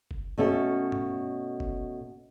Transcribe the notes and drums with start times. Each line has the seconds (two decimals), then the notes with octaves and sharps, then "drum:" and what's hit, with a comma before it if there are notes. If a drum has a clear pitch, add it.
0.11 drum: kick F#1
0.38 B2 A3 C#4 A4
0.92 drum: tom G2
1.60 drum: kick F#1